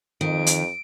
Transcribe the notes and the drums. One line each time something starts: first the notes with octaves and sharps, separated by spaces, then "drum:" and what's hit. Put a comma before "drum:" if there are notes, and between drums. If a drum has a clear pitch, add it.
F2 D#3 D7
drum: hi-hat